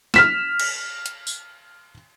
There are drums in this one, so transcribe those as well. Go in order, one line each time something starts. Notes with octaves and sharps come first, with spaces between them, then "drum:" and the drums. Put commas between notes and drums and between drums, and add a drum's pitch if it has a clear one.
F6 B6 E7, drum: snare
drum: cymbal
drum: hi-hat
drum: tambourine